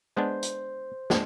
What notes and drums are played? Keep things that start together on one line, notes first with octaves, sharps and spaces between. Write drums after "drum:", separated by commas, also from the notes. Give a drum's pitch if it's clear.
G#3 B3 D4 C5
drum: hi-hat
G#3 D4, drum: snare